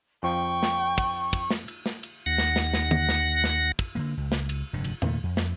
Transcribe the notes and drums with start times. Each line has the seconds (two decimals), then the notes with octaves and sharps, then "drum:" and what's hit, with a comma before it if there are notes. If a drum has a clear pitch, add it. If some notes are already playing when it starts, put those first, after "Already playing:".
0.23 F2 F3 G5 C#6
0.63 drum: snare
0.98 drum: kick, cymbal
1.33 drum: kick, cymbal
1.51 drum: snare
1.68 drum: cymbal
1.86 drum: snare
2.03 drum: cymbal
2.26 D#2 F#5 A#6
2.38 drum: snare
2.56 drum: snare
2.74 drum: snare
2.91 drum: tom
3.09 drum: snare
3.44 drum: snare
3.79 drum: kick, cymbal
3.95 D3 D#3 A#3
4.17 C#2
4.32 drum: snare
4.49 drum: cymbal
4.73 F1 G2 D3
4.84 drum: cymbal
5.02 A#2 D#3 F3 A3, drum: tom E2
5.23 F2
5.37 drum: snare